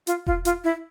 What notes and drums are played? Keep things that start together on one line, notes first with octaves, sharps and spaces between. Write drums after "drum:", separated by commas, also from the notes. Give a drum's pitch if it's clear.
F4, drum: hi-hat
F4, drum: kick E1
F4, drum: hi-hat
E4